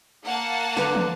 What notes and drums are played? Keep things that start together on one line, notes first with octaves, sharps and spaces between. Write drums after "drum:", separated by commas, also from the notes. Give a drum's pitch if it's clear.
A#3 F#5 A5
D3 B4 A#5, drum: snare
drum: tom